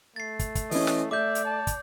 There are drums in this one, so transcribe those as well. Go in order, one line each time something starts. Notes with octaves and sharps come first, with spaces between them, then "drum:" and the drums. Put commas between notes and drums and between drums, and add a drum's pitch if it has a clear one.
A3 A6 C7
drum: kick, hi-hat
drum: kick, hi-hat
E3 C#4 D#5, drum: open hi-hat
drum: snare
A3 D5 E5 D6 G6
drum: hi-hat
A5
drum: kick, hi-hat